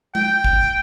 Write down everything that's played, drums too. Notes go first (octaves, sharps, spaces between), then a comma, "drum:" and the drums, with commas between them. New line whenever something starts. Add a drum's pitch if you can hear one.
G5, drum: tom G#3
drum: kick G#1